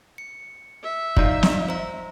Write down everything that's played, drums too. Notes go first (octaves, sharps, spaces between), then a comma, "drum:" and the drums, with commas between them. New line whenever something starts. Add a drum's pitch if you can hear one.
C#7
E5
F3 D#4 F4 D5 A#5, drum: kick
drum: snare
C5 A#5